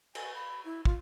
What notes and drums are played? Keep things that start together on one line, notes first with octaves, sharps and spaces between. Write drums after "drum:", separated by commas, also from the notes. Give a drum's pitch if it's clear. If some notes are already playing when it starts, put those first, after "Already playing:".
G#5, drum: cymbal
B5
E4
F4, drum: kick